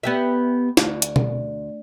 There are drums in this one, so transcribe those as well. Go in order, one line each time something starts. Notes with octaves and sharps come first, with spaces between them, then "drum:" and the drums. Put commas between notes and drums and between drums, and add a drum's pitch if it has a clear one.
B3 G4 E5
D2, drum: snare
drum: hi-hat
drum: tom B2